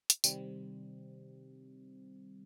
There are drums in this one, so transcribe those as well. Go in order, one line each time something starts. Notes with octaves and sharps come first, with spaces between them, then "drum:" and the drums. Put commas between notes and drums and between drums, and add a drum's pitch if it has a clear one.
drum: hi-hat
C3 D#3 G3 C4, drum: tambourine